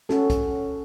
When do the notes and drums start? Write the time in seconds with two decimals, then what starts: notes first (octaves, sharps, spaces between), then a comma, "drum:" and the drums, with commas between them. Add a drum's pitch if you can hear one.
0.09 C#4 F#4 A4, drum: snare
0.30 drum: kick, hi-hat